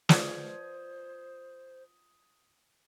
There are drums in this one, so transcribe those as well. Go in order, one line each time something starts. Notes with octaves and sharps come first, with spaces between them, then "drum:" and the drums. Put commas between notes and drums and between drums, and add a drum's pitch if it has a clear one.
F3 B4 C5 D5 D#6 G#6, drum: snare